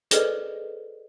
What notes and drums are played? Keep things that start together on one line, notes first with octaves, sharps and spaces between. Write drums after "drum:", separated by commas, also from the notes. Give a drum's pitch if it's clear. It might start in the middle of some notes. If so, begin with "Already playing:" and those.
G#4 A4 B4 C5 D5 D#5, drum: hi-hat